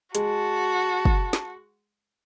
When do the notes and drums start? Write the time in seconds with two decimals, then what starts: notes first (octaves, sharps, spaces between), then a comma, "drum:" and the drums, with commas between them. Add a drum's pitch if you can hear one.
0.15 G#3 F#4 A5, drum: hi-hat
1.05 drum: kick
1.33 drum: snare